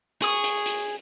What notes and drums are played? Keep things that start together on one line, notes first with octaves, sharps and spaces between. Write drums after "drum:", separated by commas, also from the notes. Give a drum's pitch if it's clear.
G#4 C#6 D#6, drum: hi-hat
drum: hi-hat
drum: hi-hat